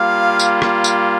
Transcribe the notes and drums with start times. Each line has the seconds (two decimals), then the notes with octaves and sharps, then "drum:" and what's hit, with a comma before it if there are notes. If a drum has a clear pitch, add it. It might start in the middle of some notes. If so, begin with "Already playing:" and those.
Already playing: G3 A#3 F4 F5
0.39 drum: tambourine
0.62 drum: rim click
0.84 drum: tambourine